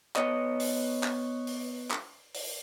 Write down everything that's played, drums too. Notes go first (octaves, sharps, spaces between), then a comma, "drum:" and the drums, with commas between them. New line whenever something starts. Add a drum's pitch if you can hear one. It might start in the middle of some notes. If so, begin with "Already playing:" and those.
B3 C#5 D#5, drum: clap
drum: open hi-hat
drum: clap
drum: open hi-hat
drum: clap
drum: open hi-hat